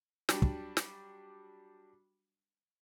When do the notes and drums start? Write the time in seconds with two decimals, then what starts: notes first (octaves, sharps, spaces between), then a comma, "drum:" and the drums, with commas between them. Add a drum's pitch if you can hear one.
0.29 F#3 G3 D4, drum: snare
0.42 drum: kick
0.77 drum: snare